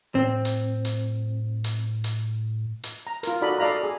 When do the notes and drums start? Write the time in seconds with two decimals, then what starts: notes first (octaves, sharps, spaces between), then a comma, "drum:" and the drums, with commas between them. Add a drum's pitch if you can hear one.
0.15 A2 C4
0.45 drum: hi-hat
0.85 drum: hi-hat
1.64 drum: hi-hat
2.04 drum: hi-hat
2.83 drum: hi-hat
3.07 A#5
3.23 F4 A#4, drum: hi-hat
3.41 D#4 F#4 A4 D5 D#5 B5
3.59 A4 D5 D#5 F5 A#5 B5
3.83 G#4